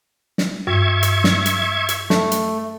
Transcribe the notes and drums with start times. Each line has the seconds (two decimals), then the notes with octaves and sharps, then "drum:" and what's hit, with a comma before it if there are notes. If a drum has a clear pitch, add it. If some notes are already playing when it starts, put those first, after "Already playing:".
0.38 drum: snare
0.67 G2 E5 C#6 G#6
1.03 drum: hi-hat
1.24 drum: snare
1.46 drum: hi-hat
1.89 drum: hi-hat
2.10 A3, drum: snare
2.32 drum: hi-hat